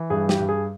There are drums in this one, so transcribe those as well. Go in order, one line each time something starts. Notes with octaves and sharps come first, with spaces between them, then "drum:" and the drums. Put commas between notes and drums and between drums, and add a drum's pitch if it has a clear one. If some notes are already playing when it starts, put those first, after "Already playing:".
Already playing: E3
G2 G#4
G4, drum: snare
G2
G#4